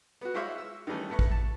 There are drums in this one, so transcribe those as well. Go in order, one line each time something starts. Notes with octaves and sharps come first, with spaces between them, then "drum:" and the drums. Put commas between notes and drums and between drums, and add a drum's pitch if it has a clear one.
B3 F#4
G#3 E4 F4 C5 C#5 E5
E6
D#3 E3 G3 A3 C#4
A2 B3 E4 A4 C#6
drum: kick
A5